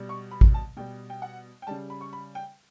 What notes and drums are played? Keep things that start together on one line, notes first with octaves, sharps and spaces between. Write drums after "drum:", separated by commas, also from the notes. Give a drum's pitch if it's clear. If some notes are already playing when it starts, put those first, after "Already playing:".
Already playing: B2 G3
C#6
B5
drum: kick
A5
B2 G3 G5
G5
F#5
G5
C#3 G3 A5
B5
C#6
B5
G5